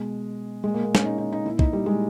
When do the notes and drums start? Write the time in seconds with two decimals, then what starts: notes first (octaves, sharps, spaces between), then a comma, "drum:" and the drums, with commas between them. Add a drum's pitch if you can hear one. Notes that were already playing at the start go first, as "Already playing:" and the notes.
Already playing: B2 G#3
0.64 A#2 G#3
0.74 A#3
0.84 A#3
0.95 C#4, drum: snare
1.05 D#4
1.18 D#4
1.32 D#4
1.45 A#2 E4
1.59 D#4, drum: kick
1.73 G3
1.86 G#3